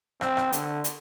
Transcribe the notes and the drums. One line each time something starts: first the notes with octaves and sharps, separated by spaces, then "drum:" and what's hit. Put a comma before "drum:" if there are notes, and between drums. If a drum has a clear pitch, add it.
C4, drum: rim click
drum: rim click
D3, drum: hi-hat
drum: hi-hat